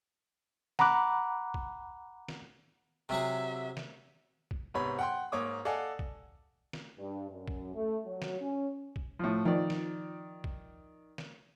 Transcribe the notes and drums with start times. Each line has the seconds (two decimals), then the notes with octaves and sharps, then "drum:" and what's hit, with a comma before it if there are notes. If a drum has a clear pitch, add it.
0.79 F#5 A#5 B5 D6 F#6, drum: snare
1.54 drum: kick
2.28 drum: snare
3.09 C3 F#3 G#4 E5
3.77 drum: snare
4.51 drum: kick
4.74 G#2 C3 B3 C#5 B5
4.99 F#5 G5 C6
5.32 G#2 A#3 C#5 D6 D#6
5.65 A4 D5 D#5 F5 F#5 G#5
5.99 drum: kick
6.73 drum: snare
6.99 G2
7.29 F#2
7.47 drum: kick
7.74 A3
8.06 F#3
8.22 drum: snare
8.40 C#4
8.96 drum: kick
9.19 A2 F3
9.45 D#3 F3 D5
9.70 drum: snare
10.44 drum: kick
11.18 drum: snare